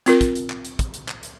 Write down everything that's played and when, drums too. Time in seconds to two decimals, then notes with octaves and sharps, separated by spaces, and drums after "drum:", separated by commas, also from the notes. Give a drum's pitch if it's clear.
0.06 C4 F4 A#4, drum: hi-hat
0.21 drum: kick, hi-hat
0.35 drum: hi-hat
0.50 drum: clap
0.65 drum: hi-hat
0.79 drum: kick, hi-hat
0.94 drum: hi-hat
1.08 drum: clap
1.23 drum: hi-hat